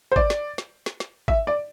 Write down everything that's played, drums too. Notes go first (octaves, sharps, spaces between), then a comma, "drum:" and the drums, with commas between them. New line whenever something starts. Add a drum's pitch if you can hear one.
C5
D5, drum: kick
drum: snare
drum: snare
drum: snare
drum: snare
E5, drum: kick
D5